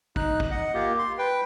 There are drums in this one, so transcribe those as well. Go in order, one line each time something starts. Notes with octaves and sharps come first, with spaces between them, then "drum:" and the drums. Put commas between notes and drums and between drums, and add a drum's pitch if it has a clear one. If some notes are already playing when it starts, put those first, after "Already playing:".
D#4 F#6, drum: kick
drum: kick
D#5 F#5
A#3 F4 G4
C6
B4 G5